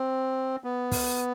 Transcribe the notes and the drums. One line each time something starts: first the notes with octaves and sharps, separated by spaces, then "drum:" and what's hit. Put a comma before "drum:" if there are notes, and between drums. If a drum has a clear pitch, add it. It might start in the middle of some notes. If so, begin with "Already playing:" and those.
Already playing: C4
B3
drum: kick, open hi-hat